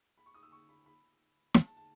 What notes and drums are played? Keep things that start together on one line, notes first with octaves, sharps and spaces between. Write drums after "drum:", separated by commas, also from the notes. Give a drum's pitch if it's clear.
B5
C#6
D#6
E6
C#6
B5
B5
A5, drum: snare
A5
A5